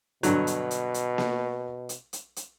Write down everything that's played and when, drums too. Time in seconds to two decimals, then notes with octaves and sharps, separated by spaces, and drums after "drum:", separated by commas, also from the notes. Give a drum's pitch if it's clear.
0.23 G2 B2 D3 F#3, drum: hi-hat
0.47 drum: hi-hat
0.71 drum: hi-hat
0.94 drum: hi-hat
1.18 drum: snare A#3
1.89 drum: hi-hat
2.13 drum: hi-hat
2.36 drum: hi-hat